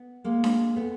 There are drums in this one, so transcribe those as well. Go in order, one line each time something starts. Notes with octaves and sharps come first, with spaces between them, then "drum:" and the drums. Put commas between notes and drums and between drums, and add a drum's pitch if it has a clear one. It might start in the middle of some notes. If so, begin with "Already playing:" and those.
Already playing: B3
G#3 A#3
drum: snare D4
A3 B3